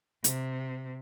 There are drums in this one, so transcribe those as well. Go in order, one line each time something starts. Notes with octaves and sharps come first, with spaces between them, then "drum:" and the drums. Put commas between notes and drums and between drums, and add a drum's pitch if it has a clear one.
C3, drum: hi-hat